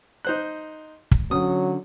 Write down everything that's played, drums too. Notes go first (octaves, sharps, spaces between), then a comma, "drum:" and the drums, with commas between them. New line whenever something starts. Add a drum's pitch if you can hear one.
D#4 C5 F#6
drum: kick
D3 F#3 C#4 D#6